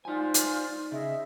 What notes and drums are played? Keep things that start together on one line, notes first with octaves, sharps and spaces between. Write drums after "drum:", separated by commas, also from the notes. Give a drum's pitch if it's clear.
D#4 F4 C5 D5 G#5
drum: hi-hat
C#3 G#4 D#5 E5